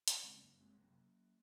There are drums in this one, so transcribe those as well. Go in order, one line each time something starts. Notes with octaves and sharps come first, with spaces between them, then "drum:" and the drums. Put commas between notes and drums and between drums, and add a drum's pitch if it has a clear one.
drum: hi-hat
C#3 G#3 C4
C4
F#2 F#3 A#3
F#2 G#3 C4
C3 F#3 A#3